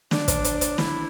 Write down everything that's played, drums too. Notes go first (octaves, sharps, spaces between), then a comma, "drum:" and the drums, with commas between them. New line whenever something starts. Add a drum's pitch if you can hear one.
D4, drum: snare
drum: kick, hi-hat
drum: hi-hat
drum: hi-hat
E4, drum: snare